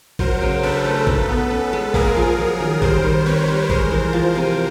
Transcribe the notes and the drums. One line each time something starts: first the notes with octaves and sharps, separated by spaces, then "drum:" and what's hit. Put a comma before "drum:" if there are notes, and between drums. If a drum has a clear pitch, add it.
F#3 A#4 C5, drum: kick A1
C#3
D4 A4 B4
A3
D#4, drum: kick A1
B3
C#4
G#3
A#3 G#4 A#4, drum: kick A1
F3
F#3
D#3
G3 A#4 C5, drum: kick A1
D#3
C4 B4 C#5
G3
G#3 A#4 C5, drum: kick A1
E3
F3
C3